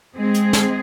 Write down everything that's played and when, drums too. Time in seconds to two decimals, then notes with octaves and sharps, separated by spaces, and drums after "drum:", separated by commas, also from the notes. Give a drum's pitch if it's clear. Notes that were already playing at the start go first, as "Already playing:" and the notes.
0.16 G#3 C4 G#4
0.34 drum: hi-hat
0.53 drum: snare